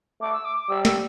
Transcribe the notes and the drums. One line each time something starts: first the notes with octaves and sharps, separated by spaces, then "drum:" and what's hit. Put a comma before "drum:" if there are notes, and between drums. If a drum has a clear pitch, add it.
A3 D6
E6
D6
D6
G3 E6
E6, drum: snare